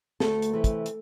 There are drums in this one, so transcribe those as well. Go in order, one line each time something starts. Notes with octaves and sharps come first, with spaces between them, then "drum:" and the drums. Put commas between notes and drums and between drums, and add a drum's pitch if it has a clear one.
D2 A3 A4, drum: snare
drum: hi-hat
C3 E3 A3
drum: kick, hi-hat
drum: hi-hat